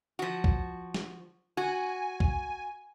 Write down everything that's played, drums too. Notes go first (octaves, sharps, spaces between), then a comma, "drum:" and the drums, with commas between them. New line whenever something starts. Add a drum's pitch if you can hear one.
F3 F#4
drum: kick
drum: snare
F#4 G#5
drum: kick